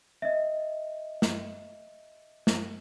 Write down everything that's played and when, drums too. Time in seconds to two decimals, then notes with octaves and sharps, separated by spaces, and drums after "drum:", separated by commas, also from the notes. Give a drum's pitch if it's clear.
0.22 D#5 E5
1.22 drum: snare
2.47 drum: snare